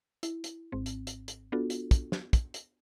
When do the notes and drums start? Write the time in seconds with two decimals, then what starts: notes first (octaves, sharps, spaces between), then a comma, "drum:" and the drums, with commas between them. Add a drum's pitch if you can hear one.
0.23 E4, drum: hi-hat
0.44 drum: hi-hat
0.72 G#1 G#2 C4
0.86 drum: hi-hat
1.07 drum: hi-hat
1.28 drum: hi-hat
1.52 B3 D4 F4 F#4 A4
1.70 drum: hi-hat
1.91 drum: kick, hi-hat
2.12 drum: snare
2.33 drum: kick, hi-hat
2.54 drum: hi-hat